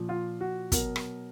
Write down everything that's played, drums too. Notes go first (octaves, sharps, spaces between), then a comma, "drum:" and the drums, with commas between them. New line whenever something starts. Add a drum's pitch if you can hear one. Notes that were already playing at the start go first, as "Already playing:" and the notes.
Already playing: A#2 F3
F4
F#4
B2 F#3 A#4, drum: kick, hi-hat
drum: rim click